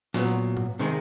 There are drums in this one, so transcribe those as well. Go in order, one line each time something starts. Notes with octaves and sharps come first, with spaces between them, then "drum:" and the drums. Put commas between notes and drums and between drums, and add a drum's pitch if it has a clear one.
A#2 F#3 B3, drum: snare
drum: tom G#2
C3 D#3 G#3